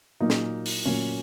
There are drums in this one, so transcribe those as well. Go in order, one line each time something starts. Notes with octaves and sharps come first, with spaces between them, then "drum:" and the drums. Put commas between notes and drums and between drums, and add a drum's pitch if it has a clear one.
A#2 F#3 A#3 D#4
drum: snare
drum: open hi-hat
A#2 F#3 A#3 C#4